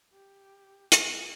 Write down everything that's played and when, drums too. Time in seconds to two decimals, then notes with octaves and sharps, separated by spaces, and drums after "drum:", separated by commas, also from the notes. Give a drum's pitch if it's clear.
0.13 G4
0.92 G#4, drum: hi-hat